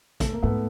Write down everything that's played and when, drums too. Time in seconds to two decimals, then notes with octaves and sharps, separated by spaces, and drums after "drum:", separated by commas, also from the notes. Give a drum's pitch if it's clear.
0.20 A3, drum: kick, hi-hat
0.32 A#3
0.42 G#2 A3 B3